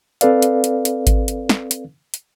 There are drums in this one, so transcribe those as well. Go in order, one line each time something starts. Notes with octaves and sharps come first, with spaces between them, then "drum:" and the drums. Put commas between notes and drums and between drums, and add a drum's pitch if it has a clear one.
C4 A4 B4 D5 F5, drum: hi-hat
drum: hi-hat
drum: hi-hat
drum: hi-hat
drum: kick G#1, hi-hat
drum: hi-hat
drum: snare
drum: hi-hat
drum: hi-hat